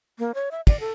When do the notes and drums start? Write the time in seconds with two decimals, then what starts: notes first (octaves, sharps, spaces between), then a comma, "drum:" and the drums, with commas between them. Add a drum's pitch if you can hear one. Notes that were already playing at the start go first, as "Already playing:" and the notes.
0.19 A#3
0.35 C#5
0.51 E5
0.67 D5, drum: kick, cymbal
0.80 A4